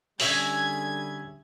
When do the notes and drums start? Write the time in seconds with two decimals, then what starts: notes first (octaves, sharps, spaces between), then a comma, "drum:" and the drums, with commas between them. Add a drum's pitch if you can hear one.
0.20 D3 G3 C#4 G#4 E5 G#6, drum: open hi-hat